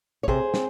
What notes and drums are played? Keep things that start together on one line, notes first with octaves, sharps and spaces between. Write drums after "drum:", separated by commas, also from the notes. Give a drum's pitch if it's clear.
C#5
C3 G#4 C5, drum: kick
C4, drum: snare